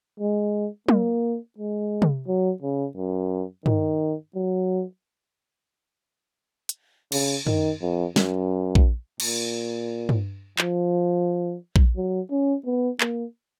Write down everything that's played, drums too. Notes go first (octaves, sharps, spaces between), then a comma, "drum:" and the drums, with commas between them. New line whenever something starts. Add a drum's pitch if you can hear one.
G#3
A#3, drum: tom F#3
G#3
drum: tom
F#3
C#3
F#2
D#3, drum: tom G2
F#3
drum: hi-hat
C#3, drum: cymbal
D#3, drum: tom F#2
F2
F#2, drum: snare
drum: kick A#1
A#2, drum: cymbal
drum: tom G2
F3, drum: clap
drum: kick A#1
F#3
C#4
B3
A#3, drum: clap